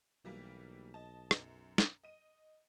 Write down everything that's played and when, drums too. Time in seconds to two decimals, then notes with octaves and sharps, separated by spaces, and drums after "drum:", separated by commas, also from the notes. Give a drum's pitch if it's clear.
0.25 B1 E3 G3 A#3
0.94 D#5 A5
1.31 F#2, drum: rim click
1.78 drum: snare
2.03 D#5 D#7